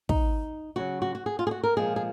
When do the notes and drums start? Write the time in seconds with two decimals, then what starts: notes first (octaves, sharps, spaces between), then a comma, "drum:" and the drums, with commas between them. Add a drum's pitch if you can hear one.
0.09 D#4, drum: kick
0.76 C#3 F#3 F#4
1.02 F#4
1.15 F#4
1.26 G#4
1.39 F4
1.47 G#4
1.51 F#4
1.63 A#4
1.76 A#2 F3 G#3 G#4
1.96 G#4